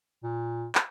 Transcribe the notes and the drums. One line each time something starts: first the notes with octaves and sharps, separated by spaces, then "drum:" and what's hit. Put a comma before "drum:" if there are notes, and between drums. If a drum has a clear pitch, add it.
A#2
drum: clap